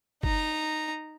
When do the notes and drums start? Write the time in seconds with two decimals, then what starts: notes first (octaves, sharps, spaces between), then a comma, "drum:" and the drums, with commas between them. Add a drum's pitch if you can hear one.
0.23 D#4 A#5, drum: kick